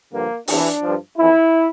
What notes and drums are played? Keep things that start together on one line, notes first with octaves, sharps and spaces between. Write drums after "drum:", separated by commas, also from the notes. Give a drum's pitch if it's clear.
G2 D3 F3 A#3
E2 C3 E3 D4, drum: open hi-hat
G2 F3
F2 E3 E4